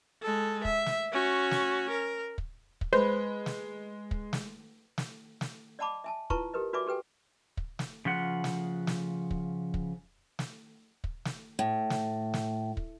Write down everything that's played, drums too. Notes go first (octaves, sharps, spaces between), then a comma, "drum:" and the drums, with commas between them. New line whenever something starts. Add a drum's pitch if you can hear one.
G#3 A4
E5, drum: kick
drum: snare
C#4 F#4
drum: snare
A#4
drum: kick
drum: kick
G#3 B4 C5
drum: snare
drum: kick
drum: snare
drum: snare
drum: snare
D5 D#5 F#5 A5 B5 D6
E5 G#5 A5
E4 F4 B4 A5 A#5 C#6, drum: kick
G4 A#4 B4 D#5
F#4 B4 D5 E5 G#5 D6
G4 A4 B4 G5 G#5
drum: kick
drum: snare
C#3 F3 F4 F#5
drum: snare
drum: snare
drum: kick
drum: kick
drum: snare
drum: kick
drum: snare
A2
drum: snare
drum: snare
drum: kick